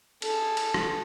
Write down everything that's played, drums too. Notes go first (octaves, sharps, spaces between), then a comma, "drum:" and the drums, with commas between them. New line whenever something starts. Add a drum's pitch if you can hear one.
G#4 A4, drum: cymbal
drum: cymbal
drum: rim click